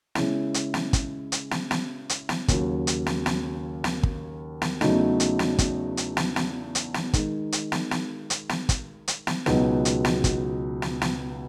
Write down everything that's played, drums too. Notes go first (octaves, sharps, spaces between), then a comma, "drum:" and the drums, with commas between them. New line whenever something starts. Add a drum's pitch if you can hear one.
C#3 G#3 C#4 E4, drum: snare
drum: hi-hat
drum: snare
drum: kick, hi-hat
drum: hi-hat
drum: snare
drum: snare
drum: hi-hat
drum: snare
D#2 C#3 F#3, drum: kick, hi-hat
drum: hi-hat
drum: snare
drum: snare
drum: snare
drum: kick
drum: snare
E2 C#3 F#3 A3 D#4, drum: snare
drum: hi-hat
drum: snare
drum: kick, hi-hat
drum: hi-hat
drum: snare
drum: snare
drum: hi-hat
drum: snare
D#3 G#3 D#4, drum: kick, hi-hat
drum: hi-hat
drum: snare
drum: snare
drum: hi-hat
drum: snare
drum: kick, hi-hat
drum: hi-hat
drum: snare
C#2 B2 F#3 B3 D#4, drum: snare
drum: hi-hat
drum: snare
drum: kick, hi-hat
drum: snare
drum: snare